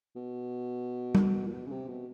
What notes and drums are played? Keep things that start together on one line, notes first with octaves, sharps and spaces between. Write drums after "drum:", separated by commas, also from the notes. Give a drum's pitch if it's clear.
B2
drum: tom G3
A#2
B2
C#3
C3
B2